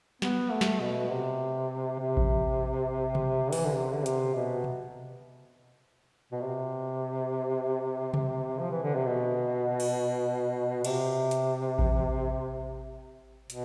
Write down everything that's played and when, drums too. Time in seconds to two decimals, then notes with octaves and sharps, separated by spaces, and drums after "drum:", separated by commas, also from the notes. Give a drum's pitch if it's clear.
0.22 B3, drum: snare
0.52 A3
0.61 drum: snare
0.81 B2
1.10 C3
1.99 C3
2.17 drum: kick A1
3.15 drum: tom C3
3.53 E3, drum: open hi-hat
3.65 D3
3.76 C3
3.95 D3
4.06 C3, drum: hi-hat
4.34 B2
4.64 drum: tom B2
6.32 B2
6.41 C3
8.14 drum: tom C3
8.59 F3
8.71 E3
8.83 D3
8.95 C3
9.06 B2
9.80 drum: cymbal
10.85 C3, drum: cymbal
11.31 drum: hi-hat
11.79 drum: kick A1
13.50 B2, drum: hi-hat